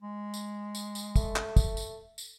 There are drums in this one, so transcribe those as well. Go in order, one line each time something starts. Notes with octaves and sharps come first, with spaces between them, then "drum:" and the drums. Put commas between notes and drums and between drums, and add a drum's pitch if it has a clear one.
G#3
drum: tambourine
drum: tambourine
drum: tambourine
A3, drum: kick, tambourine
drum: clap
drum: kick, tambourine
drum: tambourine
drum: tambourine